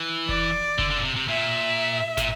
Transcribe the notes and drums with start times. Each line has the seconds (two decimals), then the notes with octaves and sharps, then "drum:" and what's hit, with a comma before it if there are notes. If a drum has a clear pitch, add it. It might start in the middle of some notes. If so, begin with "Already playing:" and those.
Already playing: E3
0.29 D5, drum: kick F1
0.79 D3, drum: kick F1
0.91 D3
0.97 A#2
1.03 C3
1.16 C3
1.28 A#2 E5
2.18 A#2, drum: snare